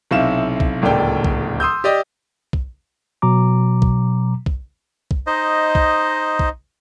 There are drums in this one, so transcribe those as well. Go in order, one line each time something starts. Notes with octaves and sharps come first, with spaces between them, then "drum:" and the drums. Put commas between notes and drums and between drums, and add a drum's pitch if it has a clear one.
B1 C3 E4 F5 E7
drum: kick
D1 C#2 A#2 A4 D5 G5
drum: kick
C6 D#6 E6 G6
G4 D5 D#5
drum: kick
B2 F#3 A#5 D6
drum: kick
drum: kick
drum: kick
D#4 C5 D#5
drum: kick
drum: kick